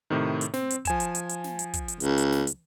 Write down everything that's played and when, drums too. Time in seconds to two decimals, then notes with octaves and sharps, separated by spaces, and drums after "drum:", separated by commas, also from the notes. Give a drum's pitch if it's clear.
0.10 A2 C3 D#3
0.41 drum: hi-hat
0.54 C4, drum: snare
0.70 drum: hi-hat
0.85 F3 G#5 E7, drum: kick, hi-hat
1.00 drum: hi-hat
1.15 drum: hi-hat
1.29 drum: hi-hat
1.44 drum: snare
1.59 drum: hi-hat
1.74 drum: kick, hi-hat
1.88 drum: hi-hat
2.00 C#2, drum: hi-hat
2.18 drum: hi-hat
2.32 drum: snare
2.47 drum: hi-hat